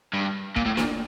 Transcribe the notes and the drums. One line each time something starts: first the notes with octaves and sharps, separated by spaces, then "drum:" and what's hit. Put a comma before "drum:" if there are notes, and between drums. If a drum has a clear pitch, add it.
G2
A#2, drum: kick
A2
A#2, drum: snare